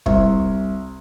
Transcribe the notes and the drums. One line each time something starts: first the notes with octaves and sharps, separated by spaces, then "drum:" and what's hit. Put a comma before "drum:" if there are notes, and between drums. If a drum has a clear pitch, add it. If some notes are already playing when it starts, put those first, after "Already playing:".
C2, drum: kick